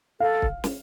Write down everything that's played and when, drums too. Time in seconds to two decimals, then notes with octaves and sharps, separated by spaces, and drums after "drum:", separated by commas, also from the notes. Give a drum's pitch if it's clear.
0.20 A4 F5
0.42 drum: kick
0.64 drum: snare